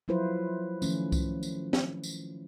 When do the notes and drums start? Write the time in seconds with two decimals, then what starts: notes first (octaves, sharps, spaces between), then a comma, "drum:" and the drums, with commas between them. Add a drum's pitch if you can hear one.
0.08 F3 F#3 E4 F4 B4 C5
0.82 D#3 F3 A3 C#4, drum: tambourine
1.12 drum: kick C2, tambourine
1.43 drum: tambourine
1.73 drum: snare
2.04 drum: tambourine